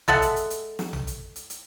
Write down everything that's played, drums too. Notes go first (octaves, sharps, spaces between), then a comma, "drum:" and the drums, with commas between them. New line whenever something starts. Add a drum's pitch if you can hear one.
G#3 A4 E5 F#5, drum: tom A#1
drum: hi-hat
drum: hi-hat
drum: hi-hat
drum: snare
drum: tom A#1
drum: hi-hat
drum: hi-hat
drum: hi-hat